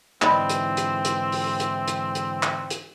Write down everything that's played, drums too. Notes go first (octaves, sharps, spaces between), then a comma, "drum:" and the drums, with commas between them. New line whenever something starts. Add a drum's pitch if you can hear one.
G#2 D3 E3 C4 D#4 D5 B5, drum: clap
drum: hi-hat
drum: hi-hat
drum: hi-hat
drum: open hi-hat
drum: hi-hat
drum: hi-hat
drum: hi-hat
drum: clap
drum: hi-hat